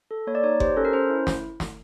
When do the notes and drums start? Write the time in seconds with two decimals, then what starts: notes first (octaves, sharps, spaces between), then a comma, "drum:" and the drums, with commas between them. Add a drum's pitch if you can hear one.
0.11 A4
0.27 A#3 C#5
0.35 D5
0.44 D#4 C#5
0.60 G4 C5, drum: kick F#1
0.77 C#4 A4
0.85 A#4
0.93 C#4 C5
1.10 E4
1.27 drum: snare
1.60 drum: snare